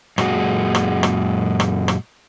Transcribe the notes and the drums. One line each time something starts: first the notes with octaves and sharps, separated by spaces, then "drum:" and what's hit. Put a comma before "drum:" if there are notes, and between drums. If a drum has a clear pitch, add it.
F#2 A#2 G#3 F#4, drum: rim click
drum: rim click
drum: rim click
drum: rim click
drum: rim click